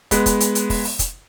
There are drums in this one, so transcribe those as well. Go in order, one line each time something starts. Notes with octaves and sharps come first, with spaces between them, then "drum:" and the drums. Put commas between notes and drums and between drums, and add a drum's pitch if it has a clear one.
G#3 B3, drum: kick, hi-hat
drum: kick, hi-hat
drum: hi-hat
drum: hi-hat
drum: kick, open hi-hat
drum: open hi-hat
drum: kick, hi-hat